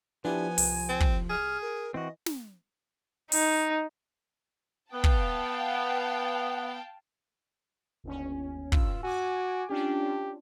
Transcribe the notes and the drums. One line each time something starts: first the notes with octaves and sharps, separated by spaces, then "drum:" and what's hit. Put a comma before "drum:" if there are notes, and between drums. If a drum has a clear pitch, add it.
F3 B3 D4 E4 G4 G#5
C2, drum: open hi-hat
C4
drum: kick
G#4 F6
A#4
E3 C4 F#4 D#5
drum: snare
D#4, drum: open hi-hat
B3 F5 G5 A5
drum: kick
G1 D#2 C#4
G2 F4 E6, drum: kick
F#4 G#5 D6
C#4 D4 F4 G4